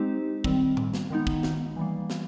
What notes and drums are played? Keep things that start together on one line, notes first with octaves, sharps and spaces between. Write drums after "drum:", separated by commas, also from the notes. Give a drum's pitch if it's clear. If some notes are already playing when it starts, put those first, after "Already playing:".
Already playing: G#3 C4 D#4 G4 C5
D#3 G3 C4, drum: kick
drum: tom A2
drum: snare
D#3 G#3 B3 D#4
drum: kick
drum: snare
E3 G3 A#3
drum: snare